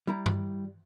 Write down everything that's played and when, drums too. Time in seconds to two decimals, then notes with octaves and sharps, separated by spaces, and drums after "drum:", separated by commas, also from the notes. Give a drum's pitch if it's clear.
0.07 G3 E4 A#5
0.26 drum: tom G2